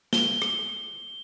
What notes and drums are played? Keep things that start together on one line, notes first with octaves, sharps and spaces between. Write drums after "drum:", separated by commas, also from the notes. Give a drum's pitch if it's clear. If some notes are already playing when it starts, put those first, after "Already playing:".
G7, drum: snare
drum: rim click